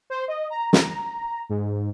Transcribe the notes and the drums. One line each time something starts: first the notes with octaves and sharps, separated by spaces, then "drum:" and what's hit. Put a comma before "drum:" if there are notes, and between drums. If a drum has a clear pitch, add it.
C5
D#5
A#5
drum: snare
G#2